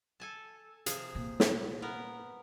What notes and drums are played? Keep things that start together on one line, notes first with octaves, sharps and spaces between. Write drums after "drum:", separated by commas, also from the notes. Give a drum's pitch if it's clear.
A4 G#5 A5
C3 F3 G#4, drum: hi-hat
A#2
drum: snare
B3 A#4